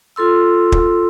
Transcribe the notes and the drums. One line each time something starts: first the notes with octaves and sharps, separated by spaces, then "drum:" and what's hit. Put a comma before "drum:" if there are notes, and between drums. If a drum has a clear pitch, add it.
F4 A4 C6 E6
drum: kick